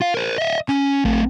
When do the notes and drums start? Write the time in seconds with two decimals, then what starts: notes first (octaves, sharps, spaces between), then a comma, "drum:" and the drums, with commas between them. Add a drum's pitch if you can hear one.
0.01 F4 F5
0.14 A#4 C5
0.38 D#5 E5
0.69 C#4, drum: clap
1.05 A3 C4, drum: kick A1